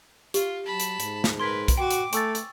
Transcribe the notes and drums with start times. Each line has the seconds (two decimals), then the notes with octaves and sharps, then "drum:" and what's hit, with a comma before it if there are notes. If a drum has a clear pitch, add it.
0.34 F4 G4, drum: hi-hat
0.66 F#3 A5 B5
0.80 drum: hi-hat
1.00 G#2, drum: hi-hat
1.24 drum: snare
1.40 A#4 B4 C6 G#6 B6
1.68 drum: kick B1, hi-hat
1.77 F#4 G5 D6
1.91 drum: hi-hat
2.13 A3 G#5 C#6 E6 A6, drum: hi-hat
2.35 drum: hi-hat